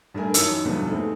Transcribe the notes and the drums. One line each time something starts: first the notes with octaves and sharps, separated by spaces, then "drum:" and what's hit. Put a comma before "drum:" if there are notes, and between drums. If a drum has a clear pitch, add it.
G2 A3 A#4 G#5
F#2 E3 D#4 A5 E6 C#7, drum: hi-hat
E2 G2 B2 D3 F3 B3
G#3 A3 C4 D#4